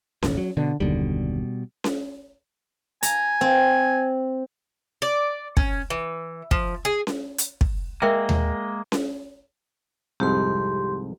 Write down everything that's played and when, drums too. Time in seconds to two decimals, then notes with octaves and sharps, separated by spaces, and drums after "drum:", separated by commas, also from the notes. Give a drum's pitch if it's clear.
0.23 E1 A1 D#2, drum: snare C#4
0.37 F#3
0.57 B2 D3
0.80 F#1 D#2 B2 D3 G3
1.84 drum: snare C#4
3.03 G#5 A#5, drum: hi-hat
3.41 C4
5.02 D5
5.57 C#4, drum: kick
5.90 E3
6.51 F3, drum: kick
6.85 G#4
7.07 drum: snare C#4
7.38 drum: hi-hat
7.61 drum: kick
8.02 G#3 A#3 A#4 E5 G5
8.29 drum: tom D#2
8.92 drum: snare C#4
10.20 C2 F2 G#2 G4 C6